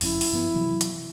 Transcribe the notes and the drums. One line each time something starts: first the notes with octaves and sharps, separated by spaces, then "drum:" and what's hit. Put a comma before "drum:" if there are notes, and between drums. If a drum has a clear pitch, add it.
G1 F#2 C#4 E4, drum: open hi-hat
drum: open hi-hat
G2 F3 B3
C3 E3 F#3
drum: hi-hat